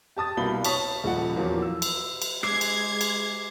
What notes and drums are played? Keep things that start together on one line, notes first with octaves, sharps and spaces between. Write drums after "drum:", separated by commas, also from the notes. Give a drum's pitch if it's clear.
G4 A5 D#6 A6
C2 B2 A#3 B5 G7
C#5 A5 C#6 D#6 B6, drum: cymbal
D#1 F3 F#5
E2 A#2 F3 F#3 A#3
E6
drum: cymbal
drum: cymbal
G#3 D6 G#6 C7, drum: rim click
drum: cymbal
drum: cymbal